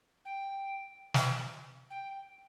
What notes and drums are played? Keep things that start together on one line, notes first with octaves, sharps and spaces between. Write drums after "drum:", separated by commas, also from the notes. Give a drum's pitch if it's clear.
G5
drum: snare
G5